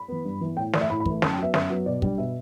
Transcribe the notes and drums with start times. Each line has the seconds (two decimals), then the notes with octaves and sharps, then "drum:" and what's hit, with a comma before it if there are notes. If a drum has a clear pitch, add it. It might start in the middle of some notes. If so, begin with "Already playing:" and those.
Already playing: B5
0.08 E3 B3
0.25 G2
0.41 E3 B3
0.57 A2 G5
0.73 E3 A3 D5, drum: snare
0.81 E5
0.90 A2 B5
1.00 B5
1.06 E3 A3, drum: kick
1.22 F#2 A5, drum: snare
1.33 G5
1.38 F#3 B3 E5
1.54 F#2 E5, drum: snare
1.70 F#3 B3
1.86 B2 D5
2.02 G3 D4, drum: kick
2.18 B2 E5